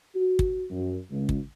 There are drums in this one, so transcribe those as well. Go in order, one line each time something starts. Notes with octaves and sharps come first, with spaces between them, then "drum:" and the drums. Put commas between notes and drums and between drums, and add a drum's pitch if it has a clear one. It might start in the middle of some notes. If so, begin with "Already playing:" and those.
F#4
drum: kick
F#2
C#2
drum: kick